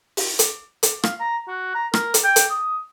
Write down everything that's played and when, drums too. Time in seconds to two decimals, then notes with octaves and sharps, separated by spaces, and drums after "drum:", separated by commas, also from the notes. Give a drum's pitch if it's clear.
0.17 drum: open hi-hat
0.39 drum: hi-hat
0.83 drum: hi-hat
1.03 F5, drum: rim click
1.20 A#5
1.48 F#4
1.75 A#5
1.94 A#4, drum: rim click
2.14 drum: hi-hat
2.24 G5
2.36 drum: hi-hat
2.50 D#6